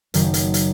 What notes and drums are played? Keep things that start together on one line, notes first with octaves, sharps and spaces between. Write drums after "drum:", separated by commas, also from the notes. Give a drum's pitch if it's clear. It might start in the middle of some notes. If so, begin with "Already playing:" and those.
F#1 F#2 D#3, drum: hi-hat
drum: hi-hat
drum: hi-hat